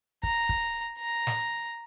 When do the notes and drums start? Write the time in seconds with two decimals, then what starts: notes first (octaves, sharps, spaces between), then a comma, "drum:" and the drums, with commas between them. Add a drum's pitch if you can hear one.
0.23 A#5, drum: kick
0.49 drum: kick
0.98 A#5
1.27 drum: snare